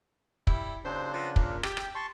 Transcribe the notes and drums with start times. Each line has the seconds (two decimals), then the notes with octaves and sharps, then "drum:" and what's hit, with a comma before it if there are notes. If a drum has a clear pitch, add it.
0.47 G3 E4, drum: kick
0.84 D#2 C#3 F#3 D4 C5
1.13 F3 B3 C4
1.36 A#2, drum: kick
1.63 G4, drum: rim click
1.77 drum: rim click
1.95 A5 C6 C#6